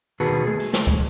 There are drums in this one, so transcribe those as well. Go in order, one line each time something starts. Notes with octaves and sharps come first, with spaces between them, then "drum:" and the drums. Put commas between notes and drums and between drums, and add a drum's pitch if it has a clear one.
B2 D#3 F#4 G#4 B4 A5
A3 G#4
drum: open hi-hat
drum: snare
drum: kick, hi-hat